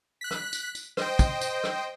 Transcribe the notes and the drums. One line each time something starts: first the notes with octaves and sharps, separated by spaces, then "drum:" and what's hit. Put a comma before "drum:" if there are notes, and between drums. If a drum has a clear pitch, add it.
F#6 B6
drum: rim click
drum: tambourine
drum: tambourine
C5 D#5 G5, drum: rim click
drum: kick, tambourine
drum: tambourine
drum: rim click